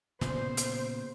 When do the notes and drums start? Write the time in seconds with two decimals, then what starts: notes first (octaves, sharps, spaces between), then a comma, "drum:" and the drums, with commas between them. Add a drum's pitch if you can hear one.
0.21 A#2 C#3 B3 C5, drum: snare
0.57 drum: hi-hat